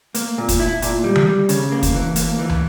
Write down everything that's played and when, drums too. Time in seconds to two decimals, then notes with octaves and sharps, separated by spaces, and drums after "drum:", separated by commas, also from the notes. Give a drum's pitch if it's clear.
0.15 A#3, drum: hi-hat
0.38 A#2
0.49 drum: kick, hi-hat
0.60 E4
0.82 A#2, drum: hi-hat
1.04 G3
1.16 drum: tom D#3
1.27 G3
1.49 C#3, drum: hi-hat
1.72 A#3
1.83 drum: kick, hi-hat
1.94 E3
2.16 A#3, drum: hi-hat
2.39 E3
2.50 drum: tom